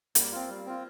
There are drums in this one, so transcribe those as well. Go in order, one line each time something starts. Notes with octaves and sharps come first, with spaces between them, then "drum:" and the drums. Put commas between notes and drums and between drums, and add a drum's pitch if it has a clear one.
G3 A#3, drum: hi-hat
C4 F4
G3
C4 F4